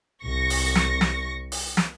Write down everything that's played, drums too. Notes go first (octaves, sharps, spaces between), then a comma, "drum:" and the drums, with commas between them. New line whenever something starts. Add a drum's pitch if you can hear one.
C2 C#6 A#6
drum: open hi-hat
drum: snare
drum: snare
drum: open hi-hat
drum: snare